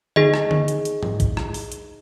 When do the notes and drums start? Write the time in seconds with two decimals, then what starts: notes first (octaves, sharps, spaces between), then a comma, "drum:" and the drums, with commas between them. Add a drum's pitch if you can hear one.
0.16 D#4 G#4 D#5, drum: tom D3
0.34 drum: rim click
0.51 drum: tom D3
0.68 drum: hi-hat
0.85 drum: hi-hat
1.03 drum: tom G#2
1.20 drum: kick, hi-hat
1.37 drum: rim click
1.54 drum: open hi-hat
1.72 drum: hi-hat